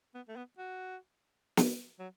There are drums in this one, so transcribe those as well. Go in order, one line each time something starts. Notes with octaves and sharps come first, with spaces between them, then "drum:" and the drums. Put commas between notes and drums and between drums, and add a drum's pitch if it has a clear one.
B3
A3
B3
F#4
drum: snare
F#3